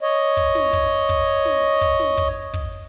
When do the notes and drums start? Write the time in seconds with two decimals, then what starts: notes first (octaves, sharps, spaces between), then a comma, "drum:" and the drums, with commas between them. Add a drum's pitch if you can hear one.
0.01 C#5 D#5
0.37 drum: kick
0.55 drum: snare
0.73 drum: kick
1.09 drum: kick
1.45 drum: snare
1.81 drum: kick
1.99 drum: snare
2.18 drum: kick
2.54 drum: kick